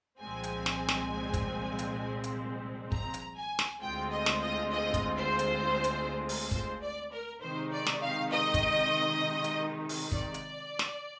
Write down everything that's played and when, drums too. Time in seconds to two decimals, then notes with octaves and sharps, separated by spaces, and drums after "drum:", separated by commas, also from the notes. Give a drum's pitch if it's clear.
0.21 C2 A#2 F3 G#3 C4 G#5
0.43 drum: hi-hat
0.66 drum: snare
0.89 drum: snare
1.34 drum: kick, hi-hat
1.79 drum: hi-hat
2.24 drum: hi-hat
2.92 A#5, drum: kick
3.14 drum: hi-hat
3.36 G#5
3.59 drum: snare
3.81 D2 D3 G#3 C4 F4 G5
4.11 D#5
4.26 drum: snare
4.41 D#5
4.71 D#5
4.94 drum: kick, hi-hat
5.17 C5
5.39 drum: hi-hat
5.84 drum: hi-hat
6.29 drum: open hi-hat
6.51 C5, drum: kick
6.82 D5
7.12 A#4
7.41 C3 D#3 G#3 D#4 C5
7.71 D5
7.86 drum: snare
8.02 F5
8.32 D#5
8.54 drum: kick, hi-hat
9.44 drum: hi-hat
9.89 drum: open hi-hat
10.12 D5, drum: kick
10.34 drum: hi-hat
10.79 drum: snare